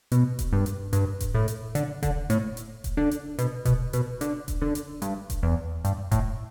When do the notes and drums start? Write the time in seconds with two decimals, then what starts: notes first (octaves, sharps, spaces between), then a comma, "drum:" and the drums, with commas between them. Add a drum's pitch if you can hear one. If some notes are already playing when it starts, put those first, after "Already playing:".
0.12 B2, drum: hi-hat
0.39 drum: kick D#1, hi-hat
0.53 G2
0.66 drum: hi-hat
0.93 G2, drum: hi-hat
1.20 drum: kick D#1, hi-hat
1.35 A2
1.48 drum: hi-hat
1.75 D3, drum: hi-hat
2.03 D3, drum: kick D#1, hi-hat
2.30 A2, drum: hi-hat
2.57 drum: hi-hat
2.84 drum: kick D#1, hi-hat
2.97 D3
3.11 drum: hi-hat
3.39 B2, drum: hi-hat
3.65 B2, drum: kick D#1, hi-hat
3.93 B2, drum: hi-hat
4.21 D3, drum: hi-hat
4.48 drum: kick D#1, hi-hat
4.62 D3
4.75 drum: hi-hat
5.02 G2, drum: hi-hat
5.30 drum: kick D#1, hi-hat
5.43 E2
5.85 G2, drum: hi-hat
6.12 A2, drum: kick D#1, hi-hat